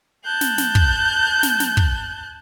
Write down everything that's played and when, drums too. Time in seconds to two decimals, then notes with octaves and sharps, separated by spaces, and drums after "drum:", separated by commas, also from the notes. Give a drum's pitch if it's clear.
0.24 A5 F#6 G6
0.41 drum: snare
0.58 drum: snare
0.75 drum: kick
1.43 drum: snare
1.60 drum: snare
1.77 drum: kick